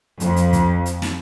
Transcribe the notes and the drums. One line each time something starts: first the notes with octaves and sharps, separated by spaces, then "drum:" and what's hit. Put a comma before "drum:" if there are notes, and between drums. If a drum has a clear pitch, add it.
F2, drum: hi-hat
drum: hi-hat
drum: kick, hi-hat
drum: hi-hat
drum: snare